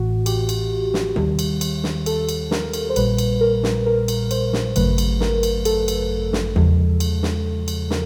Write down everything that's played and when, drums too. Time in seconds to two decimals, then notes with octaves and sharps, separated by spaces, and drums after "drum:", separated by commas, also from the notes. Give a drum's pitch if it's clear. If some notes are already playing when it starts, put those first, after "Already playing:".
Already playing: A1 A2 E3 F#4
0.26 G4, drum: cymbal
0.49 drum: cymbal
0.94 drum: snare
1.16 D#2 D#3 G3, drum: tom C3
1.39 drum: cymbal
1.61 drum: cymbal
1.84 drum: snare
2.06 A4, drum: cymbal
2.29 drum: cymbal
2.51 A#4, drum: snare
2.74 drum: cymbal
2.90 C5
2.96 A#1 A#2 G3 B4, drum: cymbal
3.18 drum: cymbal
3.41 A#4
3.63 drum: snare
3.86 A#4
4.08 drum: cymbal
4.31 C5, drum: cymbal
4.53 drum: snare
4.76 G#1 F#2 C#3 F#3 A3 B4, drum: cymbal
4.98 drum: cymbal
5.20 A#4, drum: snare
5.43 drum: cymbal
5.65 A4, drum: cymbal
5.88 drum: cymbal
6.33 drum: snare
6.56 E2 C#3 F3 G#3, drum: tom C3
7.00 drum: cymbal
7.23 drum: snare
7.68 drum: cymbal
7.90 A#4, drum: snare